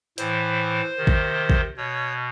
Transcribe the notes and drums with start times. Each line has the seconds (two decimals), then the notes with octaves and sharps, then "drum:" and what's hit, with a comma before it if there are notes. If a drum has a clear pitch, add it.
0.18 A2 E3 C5, drum: hi-hat
0.98 C3 D#3
1.07 drum: kick
1.50 drum: kick
1.77 B2 C#5